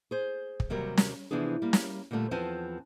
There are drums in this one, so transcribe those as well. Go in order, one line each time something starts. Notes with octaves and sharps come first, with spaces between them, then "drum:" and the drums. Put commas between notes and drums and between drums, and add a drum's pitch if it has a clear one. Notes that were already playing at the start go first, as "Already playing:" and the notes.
G#4 C5
drum: kick
D#2 C3 F#3 G3 A#4
drum: snare
C3 E3 F3 B3 D4 G#4
G3 A#3
drum: snare
A#2 D3 G3 A3 F4
E2 F3 C4 B4 G#5 A5